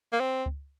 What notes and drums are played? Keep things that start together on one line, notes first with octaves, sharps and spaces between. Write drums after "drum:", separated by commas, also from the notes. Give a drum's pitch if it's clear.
A#3
C4
drum: kick C#2